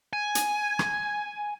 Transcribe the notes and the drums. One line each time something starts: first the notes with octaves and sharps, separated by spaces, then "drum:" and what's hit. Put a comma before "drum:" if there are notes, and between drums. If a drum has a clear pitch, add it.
G#5
drum: hi-hat
drum: rim click